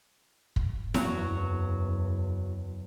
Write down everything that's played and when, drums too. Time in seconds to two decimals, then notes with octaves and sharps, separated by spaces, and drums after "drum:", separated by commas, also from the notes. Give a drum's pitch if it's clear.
0.56 drum: kick
0.94 F#1 E2 F#3, drum: snare E4